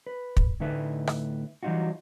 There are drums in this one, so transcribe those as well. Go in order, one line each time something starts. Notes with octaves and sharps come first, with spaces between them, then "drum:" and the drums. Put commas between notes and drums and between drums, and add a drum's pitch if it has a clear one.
B4
drum: kick
A2 D3 A3 D#4 B4 E5
drum: rim click
E3 F#3 G3 D#4 F4 F#4